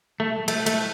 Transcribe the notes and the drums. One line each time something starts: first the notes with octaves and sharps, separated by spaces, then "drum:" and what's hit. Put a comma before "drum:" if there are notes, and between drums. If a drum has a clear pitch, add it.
A3
A3, drum: cymbal
A3, drum: cymbal